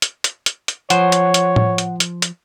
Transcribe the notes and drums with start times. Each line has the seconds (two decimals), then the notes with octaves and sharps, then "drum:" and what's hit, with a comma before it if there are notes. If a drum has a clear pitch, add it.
0.02 drum: hi-hat
0.24 drum: hi-hat
0.46 drum: hi-hat
0.68 drum: hi-hat
0.90 F3 C5 C#5 F#5, drum: hi-hat
1.12 drum: hi-hat
1.34 drum: hi-hat
1.56 drum: tom A2
1.78 drum: hi-hat
2.00 drum: hi-hat
2.22 drum: hi-hat